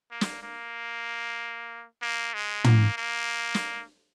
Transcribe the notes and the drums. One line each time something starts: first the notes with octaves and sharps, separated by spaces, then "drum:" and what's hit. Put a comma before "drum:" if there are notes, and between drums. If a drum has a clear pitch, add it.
A#3
drum: snare
A#3
A#3
G#3
A#3, drum: tom
A#3
drum: snare